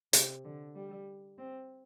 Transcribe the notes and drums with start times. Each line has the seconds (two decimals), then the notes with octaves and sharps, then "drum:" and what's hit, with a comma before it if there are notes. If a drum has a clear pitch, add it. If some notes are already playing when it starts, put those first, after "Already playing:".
0.13 C3, drum: hi-hat
0.45 D3
0.75 G3
1.38 C4